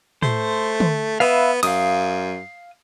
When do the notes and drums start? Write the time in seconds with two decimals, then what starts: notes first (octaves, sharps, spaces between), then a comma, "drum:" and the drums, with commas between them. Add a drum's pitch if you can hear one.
0.23 A3 C5, drum: tom A2
0.80 drum: tom
1.20 B3 B4 E5 F5
1.63 F#2 F5 D#6, drum: cymbal